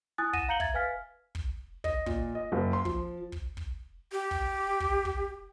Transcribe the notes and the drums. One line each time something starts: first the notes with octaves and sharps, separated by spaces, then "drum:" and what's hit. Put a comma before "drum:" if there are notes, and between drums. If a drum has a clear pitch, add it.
E4 G#5 D#6 F#6 A6
F#5 A#6 D#7 E7, drum: kick
F5 A#5 G6 C#7 F#7 G7
E5 G#6 A6, drum: kick
B4 F5 G#5 F6 B6
drum: kick
D#5, drum: kick
A#2, drum: kick
D#5
F#1
C6
F3, drum: kick
drum: kick
drum: kick
G4
drum: kick
drum: kick
drum: kick